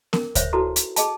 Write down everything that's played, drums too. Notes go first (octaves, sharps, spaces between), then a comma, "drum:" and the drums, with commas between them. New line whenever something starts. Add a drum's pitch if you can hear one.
A#4, drum: snare B3
C5 C#5 E5, drum: kick D2, hi-hat
D#4 E4 F#4 A4 B4
drum: hi-hat
G#4 D#5 A5, drum: hi-hat